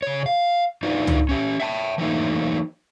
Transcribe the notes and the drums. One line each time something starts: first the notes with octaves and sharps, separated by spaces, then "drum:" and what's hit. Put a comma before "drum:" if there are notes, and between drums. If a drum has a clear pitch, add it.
C#3 C#5
F5
D4 D#4 F4 F#4 B4
drum: tom C#2
C#4 G4
E5 G5 A5
E3 F#3 A3 A#3 D#4